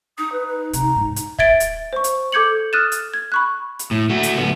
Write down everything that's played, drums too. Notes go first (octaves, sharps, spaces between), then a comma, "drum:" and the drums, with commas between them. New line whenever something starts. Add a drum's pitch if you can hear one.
D#4 D#6
B4
B4
C3 A#5, drum: hi-hat
G#2
drum: hi-hat
E5 G#6 A6 D7 G7, drum: kick
drum: hi-hat
C5 C#6
drum: hi-hat
A4 D6 G6 G#6 C#7 F#7
D#6 F6 F#6 A6 D#7 E7
drum: hi-hat
G#6
B5 C#6 F#6
drum: hi-hat
A2
A3 F#4
drum: hi-hat
C#2 B3